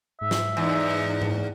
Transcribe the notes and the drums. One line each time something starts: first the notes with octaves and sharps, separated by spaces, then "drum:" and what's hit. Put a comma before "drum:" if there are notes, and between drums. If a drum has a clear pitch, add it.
G#2 E5
drum: snare
E2 D#4
drum: tom G#2